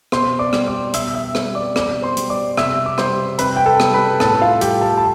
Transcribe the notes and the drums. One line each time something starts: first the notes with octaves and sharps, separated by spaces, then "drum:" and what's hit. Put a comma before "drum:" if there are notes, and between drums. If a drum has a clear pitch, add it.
B2 C5 C6, drum: rim click
D5 D6
G3, drum: rim click
D5 D6
B2 E5 E6, drum: hi-hat
E5 E6
G3, drum: rim click
D5 D6
B2 D5 D6, drum: rim click
C5 C6
G3, drum: hi-hat
D5 D6
C3 E5 E6, drum: rim click
D6
G3 C5 C6, drum: rim click
C3 B4 B5, drum: hi-hat
G5
A4 A5
G3, drum: rim click
B4 B5
A2 A4 A5, drum: rim click
F4 F5
G3 G4 G5, drum: hi-hat
A4 A5
A5